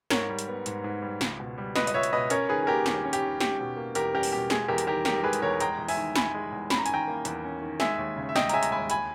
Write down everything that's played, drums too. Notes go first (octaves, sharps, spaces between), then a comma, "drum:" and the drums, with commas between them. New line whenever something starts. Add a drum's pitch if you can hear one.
G#2 A#4 C#5, drum: snare
G3
drum: hi-hat
B3
G#2, drum: hi-hat
G#2
G3
C#2, drum: snare
B2
G3
C#2 B4 D#5, drum: snare
D#5, drum: hi-hat
C#2 C#5 E5
drum: hi-hat
B2 B4 D#5
C#4 A#4 C#5, drum: hi-hat
D#3 G#4 B4
G#4
A#3 G4 A#4
D#2 G4, drum: snare
C#4
G4, drum: hi-hat
D#3
C#4 G4, drum: snare
B2
A#3
E2 G4 A#4, drum: hi-hat
C#4 G4 A#4
drum: open hi-hat
B2 G4
G#3 G#4, drum: snare
E2 G4 A#4
drum: hi-hat
D#3 G4 A#4
E1 G4 A#4, drum: snare
G#3 G#4 B4
drum: hi-hat
E2 A#4 C#5
G#3 G5 A#5, drum: hi-hat
E2
E5 G#5, drum: open hi-hat
D#3
E1 G#5 B5, drum: snare
G#3
E2
C#4 B5, drum: snare
A#5
G#5, drum: hi-hat
D#3 G5 A#5
A#3
E2, drum: hi-hat
C#4
D#3
G#3 E5 G#5, drum: snare
D#2
C#3
E5
E1 D#5 G5, drum: snare
A#5, drum: hi-hat
G#3 E5 G#5
A#5, drum: hi-hat
D#2 G#5 B5
G#5 B5, drum: hi-hat